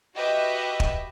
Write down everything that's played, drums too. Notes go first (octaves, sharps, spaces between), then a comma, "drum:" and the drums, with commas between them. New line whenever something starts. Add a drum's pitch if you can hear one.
F#4 G4 B4 D#5 E5
drum: kick